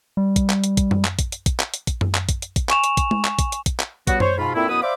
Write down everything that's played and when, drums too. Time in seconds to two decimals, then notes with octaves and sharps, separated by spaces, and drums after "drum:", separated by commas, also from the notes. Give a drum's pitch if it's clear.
0.17 G3
0.36 drum: kick, hi-hat
0.50 drum: clap
0.64 drum: hi-hat
0.77 drum: kick, hi-hat
0.91 drum: tom F#2
1.05 drum: clap
1.19 drum: kick, hi-hat
1.32 drum: hi-hat
1.46 drum: kick, hi-hat
1.60 drum: clap
1.74 drum: hi-hat
1.87 drum: kick, hi-hat
2.01 drum: tom F#2
2.15 drum: clap
2.29 drum: kick, hi-hat
2.42 drum: hi-hat
2.56 drum: kick, hi-hat
2.69 G#5 C#6 E7 F7, drum: clap
2.84 drum: hi-hat
2.97 drum: kick, hi-hat
3.11 drum: tom G#3
3.25 drum: clap
3.39 drum: kick, hi-hat
3.52 drum: hi-hat
3.66 drum: kick, hi-hat
3.80 drum: clap
4.07 G2 F#3 G3 B3 F#4, drum: kick, hi-hat
4.20 C5 C#5, drum: tom F#2
4.38 G#2 B2 F4 B5
4.55 A#2 A3 A#3 C4 E4
4.69 F#2 B2 B3 E4 B4 D#6
4.82 C5 D5 E5 F5 B5 D6